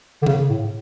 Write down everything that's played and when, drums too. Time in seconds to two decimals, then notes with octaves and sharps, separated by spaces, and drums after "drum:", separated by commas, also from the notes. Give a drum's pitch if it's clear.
0.23 D3
0.26 C#3, drum: tom C#3
0.50 A2